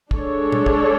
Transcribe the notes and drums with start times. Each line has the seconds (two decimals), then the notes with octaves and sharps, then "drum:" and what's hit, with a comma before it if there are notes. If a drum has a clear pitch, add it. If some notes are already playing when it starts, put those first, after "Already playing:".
0.11 G#3 D4 A4 C#5, drum: kick
0.52 drum: tom A#2
0.66 drum: kick